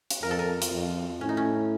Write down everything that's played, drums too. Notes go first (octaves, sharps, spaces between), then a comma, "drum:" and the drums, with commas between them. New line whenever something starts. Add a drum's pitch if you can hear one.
drum: hi-hat
F2 A#4
A4
A#4
drum: hi-hat
F2
A2 C#4
D#4
C#4